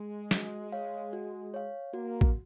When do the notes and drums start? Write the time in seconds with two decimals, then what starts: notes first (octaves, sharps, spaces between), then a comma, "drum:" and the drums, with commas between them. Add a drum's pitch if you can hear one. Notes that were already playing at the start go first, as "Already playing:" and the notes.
Already playing: G#3
0.31 F#4, drum: snare
0.72 C#5 F5
1.13 F#4
1.54 C#5 F5
1.93 A#3 F#4
2.21 drum: kick A1